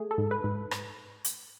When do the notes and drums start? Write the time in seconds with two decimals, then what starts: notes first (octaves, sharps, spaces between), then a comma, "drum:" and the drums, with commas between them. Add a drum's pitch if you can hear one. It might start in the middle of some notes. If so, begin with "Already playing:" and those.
Already playing: A3 G#4
0.11 A4
0.18 G#2
0.31 B4
0.44 G#2
0.71 drum: rim click
1.24 drum: hi-hat